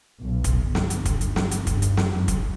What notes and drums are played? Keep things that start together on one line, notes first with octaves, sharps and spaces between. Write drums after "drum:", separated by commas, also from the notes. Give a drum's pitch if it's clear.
B1
drum: kick, hi-hat
G1
drum: snare
drum: hi-hat
drum: kick, hi-hat
drum: hi-hat
drum: snare
drum: hi-hat
G2, drum: kick, hi-hat
drum: hi-hat
drum: snare
F#2
drum: kick, hi-hat